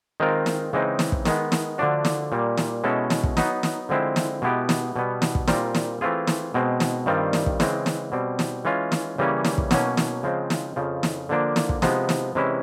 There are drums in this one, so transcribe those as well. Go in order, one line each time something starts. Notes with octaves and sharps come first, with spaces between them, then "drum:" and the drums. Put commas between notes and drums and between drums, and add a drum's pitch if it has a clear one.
D#3 G#3 C4 F4 A#4
drum: snare
C#3 E3 G#3 C4 D#4
drum: snare
drum: kick
D#3 G#3 B3, drum: snare
drum: snare
D3 F3 A3 D4 F#4
drum: snare
A#2 G3 A#3
drum: snare
B2 G#3 C#4 E4 A4
drum: snare
drum: kick
F#3 B3 D#4, drum: snare
drum: snare
D3 F3 G#3 C4 E4
drum: snare
B2 G#3 B3 E4 G4
drum: snare
B2 G3 B3
drum: snare
drum: kick
A#2 G3 C4 F4 A#4, drum: snare
drum: snare
E3 A3 C4 F4 G#4
drum: snare
B2 G#3 C4
drum: snare
G2 D#3 G3 C4 F4
drum: snare
drum: kick
C#3 E3 G#3 C4, drum: snare
drum: snare
B2 G3 C4
drum: snare
E3 G#3 C#4 F4
drum: snare
C#3 E3 G3 A#3 C#4
drum: snare
drum: kick
B2 F#3 A#3 C#4, drum: snare
drum: snare
C#3 F3 G#3 C4
drum: snare
F2 C#3 F3
drum: snare
D3 F3 A#3 D4
drum: snare
drum: kick
C3 F3 G#3 B3, drum: snare
drum: snare
C3 E3 G#3 C#4 E4